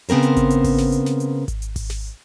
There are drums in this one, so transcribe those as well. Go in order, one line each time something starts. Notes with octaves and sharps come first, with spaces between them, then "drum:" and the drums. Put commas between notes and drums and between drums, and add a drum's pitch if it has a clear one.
C#3 B3 C4 A#4 C5, drum: hi-hat
drum: hi-hat
drum: kick G#1, hi-hat
drum: hi-hat
drum: kick G#1, open hi-hat
drum: snare
drum: hi-hat
drum: snare
drum: hi-hat
drum: kick G#1, hi-hat
drum: hi-hat
drum: kick G#1, open hi-hat
drum: snare